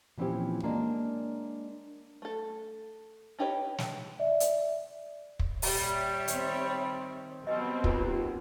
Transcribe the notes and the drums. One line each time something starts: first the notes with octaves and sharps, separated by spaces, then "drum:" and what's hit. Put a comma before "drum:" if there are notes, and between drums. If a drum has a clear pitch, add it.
A#2 E3 F3 C4 C#4 G4
G#3 A#3 D4 C#5 D5
A3 A4
D4 D#4 G4 B4 C#5
drum: snare
D5 E5
drum: hi-hat
drum: kick
A#2 G3 C#5 E5, drum: open hi-hat
D#3 C4, drum: hi-hat
B2 F#3 G3 B3 C4 D#5
D#2 F4 B4, drum: kick